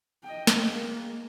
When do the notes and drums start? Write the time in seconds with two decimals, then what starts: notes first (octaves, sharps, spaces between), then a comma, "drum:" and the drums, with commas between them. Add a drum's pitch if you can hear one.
0.24 D#5 G5
0.47 drum: snare
0.67 G#3 A#3